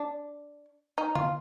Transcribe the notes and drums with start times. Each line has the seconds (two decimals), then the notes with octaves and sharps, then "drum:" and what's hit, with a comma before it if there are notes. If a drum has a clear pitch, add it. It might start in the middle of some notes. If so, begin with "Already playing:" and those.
Already playing: D4
0.98 D#4
1.15 F4, drum: tom D3